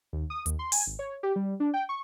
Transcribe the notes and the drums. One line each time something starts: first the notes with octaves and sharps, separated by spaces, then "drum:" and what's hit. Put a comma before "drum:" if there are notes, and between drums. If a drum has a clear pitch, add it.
D#2
D#6
D#2, drum: hi-hat
C6
G#5, drum: open hi-hat
G#1
C#5
G4
G3
D4
G5
C#6